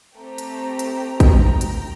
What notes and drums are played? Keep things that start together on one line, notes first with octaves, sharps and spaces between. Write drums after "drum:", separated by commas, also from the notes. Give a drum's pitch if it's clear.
A3 C4 G4 G5 A#5
drum: hi-hat
drum: hi-hat
drum: kick, hi-hat
drum: hi-hat